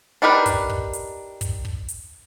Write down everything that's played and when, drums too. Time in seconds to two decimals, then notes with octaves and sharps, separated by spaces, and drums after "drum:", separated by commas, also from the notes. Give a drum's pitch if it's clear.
0.22 D4 D#4 G4 A#4 B4
0.46 drum: kick, hi-hat
0.70 drum: kick
0.93 drum: hi-hat
1.41 drum: kick, hi-hat
1.65 drum: kick
1.88 drum: hi-hat